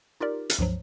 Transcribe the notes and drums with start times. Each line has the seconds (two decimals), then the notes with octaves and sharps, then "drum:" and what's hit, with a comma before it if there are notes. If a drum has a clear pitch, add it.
0.20 D#4 F4 G4 A#4 D5
0.50 drum: hi-hat
0.59 C#2 G2 F3 F#3